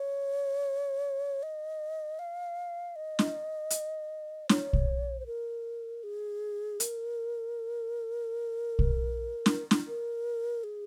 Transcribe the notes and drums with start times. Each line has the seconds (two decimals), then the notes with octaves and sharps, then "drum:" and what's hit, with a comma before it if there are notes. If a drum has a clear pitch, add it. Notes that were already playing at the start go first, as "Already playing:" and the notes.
Already playing: C#5
1.43 D#5
2.19 F5
2.96 D#5
3.19 drum: snare
3.70 drum: hi-hat
4.49 C#5, drum: snare
4.73 drum: kick
5.20 C5
5.26 A#4
6.03 G#4
6.80 A#4, drum: hi-hat
8.79 drum: kick
9.46 drum: snare
9.71 drum: snare
9.87 A#4
10.64 G#4